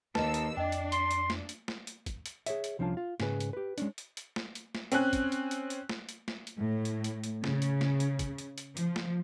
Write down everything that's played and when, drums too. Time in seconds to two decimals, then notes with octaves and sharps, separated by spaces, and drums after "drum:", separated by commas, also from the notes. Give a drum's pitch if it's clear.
0.15 D#2 B4 D#5 A5 E6, drum: snare
0.34 drum: hi-hat
0.57 F2 D4 D#5 G5
0.72 drum: hi-hat
0.92 C6 G7, drum: hi-hat
1.11 drum: hi-hat
1.30 drum: snare
1.49 drum: hi-hat
1.68 drum: snare
1.87 drum: hi-hat
2.06 drum: kick, hi-hat
2.26 drum: hi-hat
2.46 G#4 C#5 E5, drum: hi-hat
2.64 drum: hi-hat
2.79 C2 F3 C#4 D4 F4 A5
2.97 F4
3.20 G#2 C#3 G#4 B4, drum: snare
3.40 drum: hi-hat
3.53 G4 B4
3.78 G#3 C#4 D4, drum: hi-hat
3.98 drum: hi-hat
4.17 drum: hi-hat
4.36 drum: snare
4.55 drum: hi-hat
4.75 drum: snare
4.92 C4 C#4 G#5 F#6, drum: hi-hat
5.13 drum: kick, hi-hat
5.32 drum: hi-hat
5.51 drum: hi-hat
5.70 drum: hi-hat
5.89 drum: snare
6.09 drum: hi-hat
6.28 drum: snare
6.47 drum: hi-hat
6.59 A2
6.85 drum: hi-hat
7.04 drum: hi-hat
7.24 drum: hi-hat
7.44 C#3, drum: snare
7.62 drum: hi-hat
7.81 drum: snare
8.00 drum: hi-hat
8.19 drum: kick, hi-hat
8.38 drum: hi-hat
8.58 drum: hi-hat
8.77 F3, drum: hi-hat
8.96 drum: snare